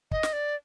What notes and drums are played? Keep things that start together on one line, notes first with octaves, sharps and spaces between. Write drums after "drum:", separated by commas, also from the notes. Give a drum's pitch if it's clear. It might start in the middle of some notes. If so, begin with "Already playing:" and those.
D#5, drum: kick
drum: snare
D5